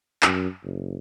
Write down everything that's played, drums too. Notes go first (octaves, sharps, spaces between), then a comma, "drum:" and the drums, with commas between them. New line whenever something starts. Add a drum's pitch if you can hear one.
F#2, drum: clap
F#1